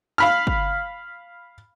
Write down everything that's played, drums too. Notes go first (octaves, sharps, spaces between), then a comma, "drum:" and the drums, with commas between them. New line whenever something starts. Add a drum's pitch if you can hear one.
F5 B5 F6
drum: kick